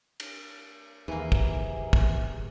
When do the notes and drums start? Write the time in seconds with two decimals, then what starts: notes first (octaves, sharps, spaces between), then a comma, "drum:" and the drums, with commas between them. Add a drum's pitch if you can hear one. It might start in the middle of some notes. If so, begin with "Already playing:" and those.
0.20 drum: cymbal
1.08 D#2 C3 E3 A#3 G#4
1.32 drum: kick
1.93 drum: kick